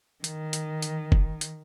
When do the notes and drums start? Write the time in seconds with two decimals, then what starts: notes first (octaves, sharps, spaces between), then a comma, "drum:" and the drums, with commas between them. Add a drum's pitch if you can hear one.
0.24 D#3, drum: hi-hat
0.53 drum: hi-hat
0.82 drum: hi-hat
1.12 drum: kick
1.41 drum: hi-hat